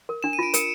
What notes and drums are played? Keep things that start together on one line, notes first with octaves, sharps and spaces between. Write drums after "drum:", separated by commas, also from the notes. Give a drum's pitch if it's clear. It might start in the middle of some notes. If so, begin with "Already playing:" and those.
A#4
D4 E7
D#7
F4 D7
A#4 C#7, drum: hi-hat